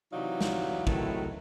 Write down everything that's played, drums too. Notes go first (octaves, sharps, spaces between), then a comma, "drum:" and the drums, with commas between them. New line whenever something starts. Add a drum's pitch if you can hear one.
C3 E3 F#3 D#4 D5 F5
drum: snare
A2 C3 D#3 E3 F#3 A3, drum: kick